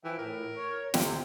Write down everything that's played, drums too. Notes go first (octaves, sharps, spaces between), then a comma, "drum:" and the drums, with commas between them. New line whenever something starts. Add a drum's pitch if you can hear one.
E3 F3 E5 G5
A2 A#4
C#5
D2 A2 C3 C4 G5, drum: snare